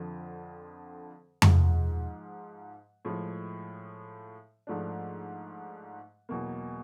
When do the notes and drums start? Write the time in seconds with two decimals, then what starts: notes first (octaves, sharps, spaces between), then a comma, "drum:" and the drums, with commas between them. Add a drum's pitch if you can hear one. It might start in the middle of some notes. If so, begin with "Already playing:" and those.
Already playing: F2 D3 F3
1.42 G#2 F3 G#3, drum: tom F2
3.05 A2 F3 G#3
4.67 G#2 F3 A3 D4
6.29 E2 B2 F#3 A#3